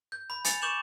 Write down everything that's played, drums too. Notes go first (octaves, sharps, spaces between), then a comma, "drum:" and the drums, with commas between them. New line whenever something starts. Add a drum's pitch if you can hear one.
G6
B5
G#5 A6 C#7 F7, drum: hi-hat
C#6 D6 G6 E7 F#7